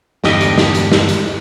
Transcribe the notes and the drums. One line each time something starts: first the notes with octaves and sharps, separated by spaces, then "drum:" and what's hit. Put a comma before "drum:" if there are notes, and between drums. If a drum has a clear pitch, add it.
E2 G2 D3 G4 D#5, drum: snare
drum: hi-hat
drum: snare
drum: hi-hat
drum: snare
drum: hi-hat